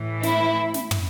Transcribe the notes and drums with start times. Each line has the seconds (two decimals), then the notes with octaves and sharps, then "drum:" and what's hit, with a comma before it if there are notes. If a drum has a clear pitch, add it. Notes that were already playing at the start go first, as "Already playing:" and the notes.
Already playing: A2 E3
0.23 E4, drum: snare
0.74 drum: snare
0.91 drum: tom